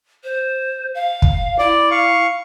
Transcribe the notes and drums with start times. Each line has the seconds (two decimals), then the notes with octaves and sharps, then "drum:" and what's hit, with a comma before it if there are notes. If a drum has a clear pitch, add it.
0.24 C5
0.95 F5
1.22 drum: kick
1.59 E4 D5
1.91 F5 C#6